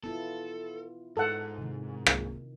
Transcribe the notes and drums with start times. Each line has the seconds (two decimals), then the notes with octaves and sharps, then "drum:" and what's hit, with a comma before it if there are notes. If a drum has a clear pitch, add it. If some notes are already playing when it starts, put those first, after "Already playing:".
0.04 B3 E4 F4 A4
1.17 G#2 A4 F#5
1.58 C3 D#3
2.06 drum: rim click